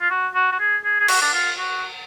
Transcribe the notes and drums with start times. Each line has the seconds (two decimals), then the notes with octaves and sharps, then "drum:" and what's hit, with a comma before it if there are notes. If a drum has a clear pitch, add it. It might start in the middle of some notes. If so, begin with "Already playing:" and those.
0.01 F4
0.10 F#4
0.34 F#4
0.52 F#4
0.59 G#4
0.84 G#4
1.00 G#4
1.08 F#4, drum: cymbal
1.21 D4
1.33 F4
1.58 F#4